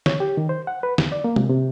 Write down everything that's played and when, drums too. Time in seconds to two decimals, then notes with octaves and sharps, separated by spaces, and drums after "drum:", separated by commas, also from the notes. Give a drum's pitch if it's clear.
0.06 C#5, drum: snare
0.20 G4
0.37 D#3
0.49 C5
0.67 F#5
0.83 B4
0.98 E2, drum: snare
1.12 D5
1.24 A#3
1.36 C3, drum: tom
1.49 C3